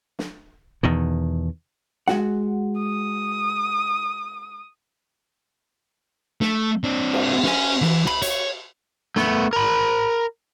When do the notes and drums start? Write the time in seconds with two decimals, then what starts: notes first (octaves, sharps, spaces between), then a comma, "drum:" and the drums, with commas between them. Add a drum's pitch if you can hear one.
0.19 drum: snare
0.83 E2 B2 D#3
2.08 G#3 F#4 F#5, drum: snare
2.80 D#6
6.41 A3, drum: snare
6.84 C4 D4
7.13 drum: cymbal
7.44 C#4 G#5, drum: snare
7.82 E3, drum: snare
8.07 B5, drum: rim click
8.22 C#5, drum: hi-hat
9.16 A3 B3, drum: snare
9.53 A#4 B5